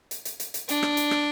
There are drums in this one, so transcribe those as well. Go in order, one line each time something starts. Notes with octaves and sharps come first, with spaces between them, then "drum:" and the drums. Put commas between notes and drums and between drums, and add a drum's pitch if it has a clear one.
drum: hi-hat
drum: hi-hat
drum: hi-hat
drum: hi-hat
D4, drum: hi-hat
drum: rim click
drum: hi-hat
drum: rim click